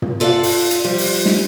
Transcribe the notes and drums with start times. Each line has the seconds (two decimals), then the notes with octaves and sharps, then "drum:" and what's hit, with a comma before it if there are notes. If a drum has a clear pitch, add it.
0.02 drum: tom
0.20 F4 A4 D5 D#5 F5 F#5
0.43 drum: open hi-hat
0.71 drum: hi-hat
0.84 F3 G3
0.98 drum: open hi-hat
1.26 drum: snare